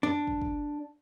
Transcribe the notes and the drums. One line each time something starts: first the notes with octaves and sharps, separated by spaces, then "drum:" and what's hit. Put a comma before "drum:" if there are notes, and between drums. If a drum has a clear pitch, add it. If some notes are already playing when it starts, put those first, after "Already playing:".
D4, drum: tom F2
drum: kick
drum: kick